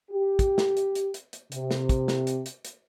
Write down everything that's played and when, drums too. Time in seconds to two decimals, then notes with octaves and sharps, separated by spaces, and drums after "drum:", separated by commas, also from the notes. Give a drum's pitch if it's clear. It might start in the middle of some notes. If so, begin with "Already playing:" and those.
0.11 G4
0.39 drum: kick, hi-hat
0.58 drum: snare
0.77 drum: hi-hat
0.95 drum: hi-hat
1.14 drum: hi-hat
1.33 drum: hi-hat
1.52 C3, drum: hi-hat
1.71 drum: snare
1.89 drum: kick, hi-hat
2.08 drum: snare
2.27 drum: hi-hat
2.46 drum: hi-hat
2.65 drum: hi-hat